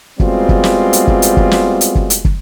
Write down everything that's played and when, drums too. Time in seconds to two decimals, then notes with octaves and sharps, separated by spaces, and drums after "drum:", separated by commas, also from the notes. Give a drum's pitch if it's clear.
0.20 G3 G#3 B3 C4 F4 F#4, drum: kick
0.49 drum: kick
0.64 drum: snare
0.93 drum: hi-hat
1.07 drum: kick
1.22 drum: hi-hat
1.37 drum: kick
1.51 drum: snare
1.81 drum: hi-hat
1.95 drum: kick
2.10 drum: hi-hat
2.25 drum: kick